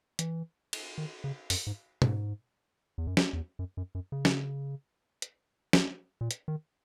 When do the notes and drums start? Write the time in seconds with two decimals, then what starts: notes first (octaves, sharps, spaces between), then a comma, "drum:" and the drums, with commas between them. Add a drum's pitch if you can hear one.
0.19 E3, drum: hi-hat
0.73 drum: cymbal
0.98 D#3
1.24 C#3
1.50 F#2, drum: open hi-hat
1.67 G#2
2.02 G#2, drum: tom B2
2.98 E2
3.07 F#2
3.17 drum: snare
3.33 E2
3.59 F#2
3.77 F#2
3.95 F#2
4.12 C#3
4.25 drum: snare
5.22 drum: hi-hat
5.73 drum: snare
6.21 A#2
6.31 drum: hi-hat
6.48 D#3